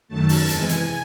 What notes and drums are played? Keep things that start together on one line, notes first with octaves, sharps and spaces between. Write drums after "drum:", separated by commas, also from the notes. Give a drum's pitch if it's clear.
F#2 D#3 F#3 A3 A5
drum: open hi-hat
E2 C3 E3 G#3 G#5, drum: hi-hat
drum: hi-hat